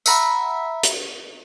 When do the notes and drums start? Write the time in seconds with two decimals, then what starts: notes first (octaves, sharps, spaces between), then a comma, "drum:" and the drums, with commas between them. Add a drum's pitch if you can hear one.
0.06 E5 F#5 A#5 B5, drum: tambourine
0.83 drum: hi-hat